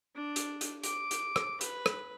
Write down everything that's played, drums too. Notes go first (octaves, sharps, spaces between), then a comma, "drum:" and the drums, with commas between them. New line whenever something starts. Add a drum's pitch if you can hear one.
D4
drum: hi-hat
drum: hi-hat
D6, drum: hi-hat
drum: hi-hat
drum: rim click
B4, drum: hi-hat
drum: rim click